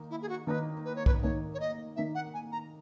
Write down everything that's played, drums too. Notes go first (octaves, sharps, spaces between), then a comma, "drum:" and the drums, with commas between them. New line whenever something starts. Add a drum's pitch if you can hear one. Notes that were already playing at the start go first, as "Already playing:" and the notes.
Already playing: D#3 A#3 D#4
E4
G#4
F#4
D#3 A#3 D#4 B4
B4
C#5
B4, drum: kick B1
D#3 A#3 D#4 C#5
C#5
D#5
D#3 A#3 D#4 E5
F#5
G#5
A#5